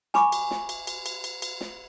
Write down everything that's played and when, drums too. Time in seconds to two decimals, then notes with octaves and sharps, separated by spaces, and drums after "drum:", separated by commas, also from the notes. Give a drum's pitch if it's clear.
0.14 G#5 B5 C#6 D6, drum: snare
0.32 drum: cymbal
0.51 drum: snare
0.69 drum: cymbal
0.87 drum: cymbal
1.06 drum: cymbal
1.24 drum: cymbal
1.42 drum: cymbal
1.61 drum: snare